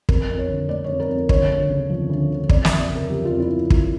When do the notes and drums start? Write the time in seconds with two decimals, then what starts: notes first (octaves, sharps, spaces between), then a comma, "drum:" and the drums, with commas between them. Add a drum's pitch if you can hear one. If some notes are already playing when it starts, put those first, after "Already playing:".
0.09 F2 A#4, drum: kick
0.29 F2
0.39 C#5
0.49 D3
0.69 A3 D5
0.84 F2 C#5
1.00 A#4
1.09 F2
1.29 D2 C#5, drum: kick
1.49 D2
1.70 C#3
1.90 F3
2.09 D2
2.30 D2
2.49 F2 D5, drum: kick
2.65 E5, drum: snare
2.70 F2
2.80 D5
2.90 C#3
2.95 A#4
3.10 F3 G4
3.25 F4
3.30 F2
3.40 E4
3.70 drum: kick